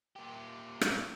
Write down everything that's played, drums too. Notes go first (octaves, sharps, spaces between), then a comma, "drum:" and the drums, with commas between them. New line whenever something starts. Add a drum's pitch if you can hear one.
A#2 G4
drum: rim click